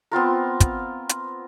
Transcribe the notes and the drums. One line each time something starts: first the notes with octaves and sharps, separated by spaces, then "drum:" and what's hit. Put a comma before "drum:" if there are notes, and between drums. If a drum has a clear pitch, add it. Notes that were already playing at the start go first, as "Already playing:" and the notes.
B3 C4 F4 A#4
drum: kick, hi-hat
drum: hi-hat